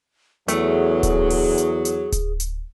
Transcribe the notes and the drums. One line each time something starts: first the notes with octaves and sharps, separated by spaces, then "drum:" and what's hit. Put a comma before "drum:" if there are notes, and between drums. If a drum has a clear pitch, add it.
E2 F#3 A3 G#4, drum: hi-hat
drum: kick D1, hi-hat
drum: open hi-hat
drum: hi-hat
drum: hi-hat
drum: kick D1, hi-hat
drum: hi-hat